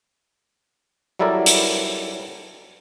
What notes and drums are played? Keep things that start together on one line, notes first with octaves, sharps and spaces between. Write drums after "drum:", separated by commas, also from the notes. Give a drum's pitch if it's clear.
F#3 G3 E4 A4 A#4 D5
drum: hi-hat